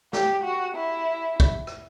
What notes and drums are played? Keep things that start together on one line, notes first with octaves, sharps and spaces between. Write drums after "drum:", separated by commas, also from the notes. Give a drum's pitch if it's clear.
G4, drum: snare
F#4
E4
drum: kick
drum: rim click